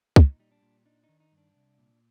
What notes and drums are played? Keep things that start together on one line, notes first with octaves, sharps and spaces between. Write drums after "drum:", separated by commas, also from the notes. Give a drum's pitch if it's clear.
A#2 D#4, drum: kick
G3 D#4
D4
A#2
D4 D#4
D#4
D#3
D#4
G2
D4
C2
A#2